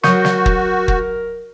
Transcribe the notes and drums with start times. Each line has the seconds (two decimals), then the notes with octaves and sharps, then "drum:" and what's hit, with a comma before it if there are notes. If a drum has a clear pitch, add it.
0.03 F#3 F#4 A#4 C#6 D#6 G6, drum: snare
0.25 drum: snare
0.46 drum: kick
0.88 drum: kick